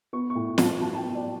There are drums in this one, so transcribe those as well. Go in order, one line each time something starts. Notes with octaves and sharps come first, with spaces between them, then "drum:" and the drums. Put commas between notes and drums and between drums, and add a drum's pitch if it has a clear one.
B3 C#6
C#6
A2
A2, drum: snare
A5
F#3 A5
A5
G5
B3
D5